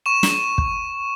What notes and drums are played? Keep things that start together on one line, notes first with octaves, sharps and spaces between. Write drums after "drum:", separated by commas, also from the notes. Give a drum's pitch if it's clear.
C#6 E7
drum: snare
drum: kick